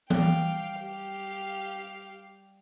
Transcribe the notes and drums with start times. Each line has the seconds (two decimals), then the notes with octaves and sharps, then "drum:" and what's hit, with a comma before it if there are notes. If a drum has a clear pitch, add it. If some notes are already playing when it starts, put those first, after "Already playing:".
0.10 G3 F5 G5, drum: tom E3
0.80 G4 F5